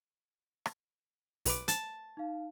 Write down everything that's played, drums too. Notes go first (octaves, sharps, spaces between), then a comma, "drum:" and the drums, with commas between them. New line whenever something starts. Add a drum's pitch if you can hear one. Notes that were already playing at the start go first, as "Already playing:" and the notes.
drum: rim click
B1 B4 D6, drum: open hi-hat
A5, drum: hi-hat
D#4 F5